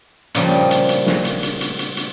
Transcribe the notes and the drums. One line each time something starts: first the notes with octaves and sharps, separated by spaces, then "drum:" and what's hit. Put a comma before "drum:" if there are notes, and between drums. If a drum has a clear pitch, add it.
A#2 C#3 F3 G3, drum: hi-hat
drum: hi-hat
drum: hi-hat
drum: snare
drum: hi-hat
drum: hi-hat
drum: hi-hat
drum: hi-hat
drum: hi-hat